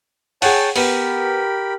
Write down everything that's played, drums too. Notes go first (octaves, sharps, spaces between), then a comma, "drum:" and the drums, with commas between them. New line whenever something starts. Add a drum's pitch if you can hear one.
G#4 C#5 F#5 G5 A5, drum: open hi-hat
B3 G4 A#4 B5, drum: open hi-hat